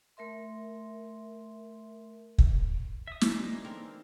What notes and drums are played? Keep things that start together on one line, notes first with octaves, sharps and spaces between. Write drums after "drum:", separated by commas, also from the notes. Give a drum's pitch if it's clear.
A3 A#4 E5 C6
drum: kick
E5 D#6
E3 G#3 A#3 D4 D#4, drum: snare
C4 A4 A#4